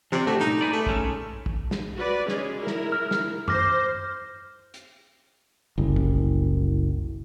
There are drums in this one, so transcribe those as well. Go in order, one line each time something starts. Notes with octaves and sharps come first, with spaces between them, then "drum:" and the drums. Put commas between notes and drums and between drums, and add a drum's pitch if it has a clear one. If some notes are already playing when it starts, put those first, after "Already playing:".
C3 F3 D5
A2 A3 D4 F#4
G2 A#2 D#4
G#4 B4 D5
A3
G#3 C#4 A4, drum: kick
drum: kick
drum: snare
F#4 B4 D5
G#3 C#4 G#4, drum: snare
E4 A#4
drum: snare
F6
drum: snare
C5 D6 F6 A#6, drum: tom F#2
drum: hi-hat
F#1 C2
drum: kick